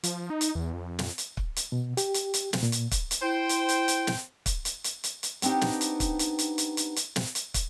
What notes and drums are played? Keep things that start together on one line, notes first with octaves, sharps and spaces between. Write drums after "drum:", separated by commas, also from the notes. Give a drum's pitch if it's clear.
F3, drum: hi-hat
D#4
drum: hi-hat
E2
F2
drum: snare
drum: hi-hat
drum: kick
drum: hi-hat
B2
G4, drum: hi-hat
drum: hi-hat
drum: hi-hat
drum: snare
A#2
drum: hi-hat
drum: kick, hi-hat
drum: hi-hat
E4 C5 G5
drum: hi-hat
drum: hi-hat
drum: hi-hat
drum: snare
drum: kick, hi-hat
drum: hi-hat
drum: hi-hat
drum: hi-hat
drum: hi-hat
B3 C4 D4 D#4 G4, drum: hi-hat
drum: snare
drum: hi-hat
drum: kick, hi-hat
drum: hi-hat
drum: hi-hat
drum: hi-hat
drum: hi-hat
drum: hi-hat
drum: snare
drum: hi-hat
drum: kick, hi-hat